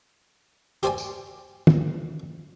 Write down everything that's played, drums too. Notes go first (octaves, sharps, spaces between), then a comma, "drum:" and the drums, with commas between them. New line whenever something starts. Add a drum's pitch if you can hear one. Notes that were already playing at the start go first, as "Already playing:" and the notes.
G4 C5 D5 G#5, drum: hi-hat
drum: tambourine
drum: tom